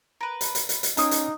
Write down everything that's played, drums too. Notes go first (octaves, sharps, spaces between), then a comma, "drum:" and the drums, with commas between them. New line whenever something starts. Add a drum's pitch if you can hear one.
A#4 B4
drum: hi-hat
drum: hi-hat
drum: hi-hat
drum: hi-hat
A#3 C#4 D#4 A5 D#6, drum: hi-hat
drum: hi-hat